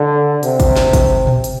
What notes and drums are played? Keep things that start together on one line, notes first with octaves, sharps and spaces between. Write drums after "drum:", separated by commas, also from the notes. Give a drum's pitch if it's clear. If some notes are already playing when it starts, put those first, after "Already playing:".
Already playing: D3
C3, drum: hi-hat
drum: kick, hi-hat
drum: snare
drum: kick, hi-hat
drum: tom A#2
drum: hi-hat